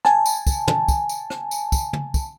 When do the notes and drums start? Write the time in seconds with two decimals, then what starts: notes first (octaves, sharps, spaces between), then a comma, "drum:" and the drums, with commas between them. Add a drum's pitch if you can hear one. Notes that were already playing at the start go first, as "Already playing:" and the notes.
0.05 G#5 A5, drum: rim click
0.26 drum: tambourine
0.47 drum: kick, tambourine
0.68 drum: tom
0.88 drum: kick, tambourine
1.09 drum: tambourine
1.30 drum: rim click
1.51 drum: tambourine
1.72 drum: kick, tambourine
1.93 drum: tom
2.14 drum: kick, tambourine